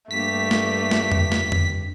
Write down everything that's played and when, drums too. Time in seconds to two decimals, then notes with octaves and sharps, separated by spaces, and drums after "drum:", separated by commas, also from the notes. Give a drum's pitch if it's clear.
0.11 G2 A3 A#3 G4 B6
0.51 drum: snare
0.91 drum: snare
1.12 drum: tom F2
1.32 drum: snare
1.52 drum: tom F2